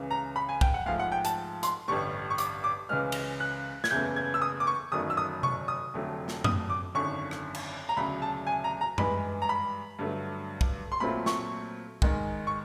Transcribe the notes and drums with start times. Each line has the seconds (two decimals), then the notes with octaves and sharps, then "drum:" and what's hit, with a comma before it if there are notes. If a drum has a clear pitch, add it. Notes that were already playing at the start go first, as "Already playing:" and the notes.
Already playing: C#2 C#3 E3
0.11 A#5
0.36 B5
0.49 G#5
0.61 G5, drum: kick
0.74 F#5
0.86 G#2 F3 A3 F5
0.99 F#5
1.12 G5
1.25 A5, drum: hi-hat
1.63 C6, drum: hi-hat
1.88 A1 G2 D3 G3 C#6
2.30 C#6
2.38 D6, drum: hi-hat
2.64 D6
2.89 C#2 C#3 E3 G#3 F6
3.12 drum: cymbal
3.40 F#6
3.84 G#6, drum: snare
3.91 F#1 E2 C#3 E3 A3 G6
4.16 G#6
4.34 E6
4.42 D#6
4.60 D6
4.67 C#6
4.92 G1 F#2 D#3 F#3 A3 D#6
5.10 E6
5.17 D#6
5.43 C#6, drum: tom C3
5.68 D#6
5.94 F1 F2 D3 F#3 A3
6.28 drum: snare
6.44 D#6, drum: tom F#2
6.70 D6
6.95 G#1 F#2 D3 C#6
7.31 drum: rim click
7.55 drum: cymbal
7.89 A#5
7.96 E1 D2 C#3 F#3 B5
8.22 A5
8.47 G#5
8.64 A#5
8.81 A#5
8.98 G2 E3 G#3 B5, drum: tom F#2
9.42 A#5
9.49 B5
9.99 G2 D3 F#3 A3
10.61 drum: kick
10.92 C6
11.00 A#2 F#3 A3 C4 F4 B5
11.26 C#6, drum: snare
12.02 G#2 D#3 G#3, drum: kick
12.47 C#6